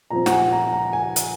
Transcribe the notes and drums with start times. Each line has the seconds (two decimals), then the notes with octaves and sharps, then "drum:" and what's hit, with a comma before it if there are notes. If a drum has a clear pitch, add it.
0.10 A#2 F3 C4 A#5
0.26 F#5, drum: snare
0.31 G#5
0.52 A#5
0.73 A#5
0.93 G#5
1.16 drum: hi-hat